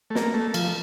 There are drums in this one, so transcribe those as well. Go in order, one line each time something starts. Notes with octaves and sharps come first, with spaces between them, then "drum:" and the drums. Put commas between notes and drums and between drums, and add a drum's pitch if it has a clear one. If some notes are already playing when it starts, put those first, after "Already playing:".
A3
A#3, drum: snare
A3
F3, drum: cymbal